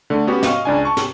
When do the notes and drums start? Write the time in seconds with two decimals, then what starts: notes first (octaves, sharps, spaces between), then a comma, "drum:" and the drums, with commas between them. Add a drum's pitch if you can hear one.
0.10 D3 A3
0.27 B3 C#4 F#4 G4 B4
0.43 D#5 F5 C#6 F6, drum: snare
0.65 C#2 D4 G#5
0.85 A5 C#6
0.97 drum: snare